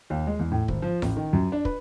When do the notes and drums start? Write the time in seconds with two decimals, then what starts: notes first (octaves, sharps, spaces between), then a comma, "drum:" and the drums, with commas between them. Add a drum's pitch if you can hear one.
0.10 D#2
0.27 G#3
0.39 E2
0.52 A2
0.68 G#1, drum: kick
0.82 F3
1.02 A1, drum: snare E4
1.16 D#3
1.33 F#2
1.52 D4
1.65 B4, drum: kick